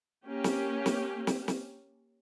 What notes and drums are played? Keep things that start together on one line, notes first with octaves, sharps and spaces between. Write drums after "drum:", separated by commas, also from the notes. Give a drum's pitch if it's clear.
A#3 C#4 G4
drum: snare
drum: snare
drum: snare
drum: snare